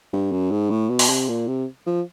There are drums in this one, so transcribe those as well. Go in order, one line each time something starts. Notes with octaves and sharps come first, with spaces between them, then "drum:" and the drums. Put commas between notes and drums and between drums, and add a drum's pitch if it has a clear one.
G2
F#2
G#2
A2
B2
drum: open hi-hat
C3
A#2
C3
F3